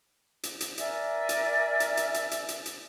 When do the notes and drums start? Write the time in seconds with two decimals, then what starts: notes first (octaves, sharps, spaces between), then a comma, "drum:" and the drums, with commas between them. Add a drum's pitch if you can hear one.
0.43 drum: hi-hat
0.61 drum: hi-hat
0.78 A#4 D5 E5 G#5, drum: hi-hat
1.29 drum: hi-hat
1.80 drum: hi-hat
1.97 drum: hi-hat
2.14 drum: hi-hat
2.31 drum: hi-hat
2.48 drum: hi-hat
2.66 drum: hi-hat